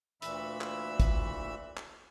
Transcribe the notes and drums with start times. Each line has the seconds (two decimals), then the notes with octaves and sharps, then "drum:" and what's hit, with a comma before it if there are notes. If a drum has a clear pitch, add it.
0.22 D2 A#2 E3 E5 B5 E6, drum: hi-hat
0.61 drum: clap
1.00 drum: kick, hi-hat
1.77 drum: clap